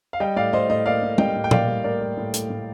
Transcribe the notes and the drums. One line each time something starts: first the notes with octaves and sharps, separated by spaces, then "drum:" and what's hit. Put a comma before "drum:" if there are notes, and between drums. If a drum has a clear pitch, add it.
F5
G3 D#5 G5
A2 D5 F5
A2 C5 D#5
A2 C5 D#5
A#3 D5 F5
A2
G3 D#5 G5, drum: tom
A2
G5
A#3 D5 F5, drum: tom
G3
A2 A#4 D5
G3
A2
A2, drum: hi-hat
A2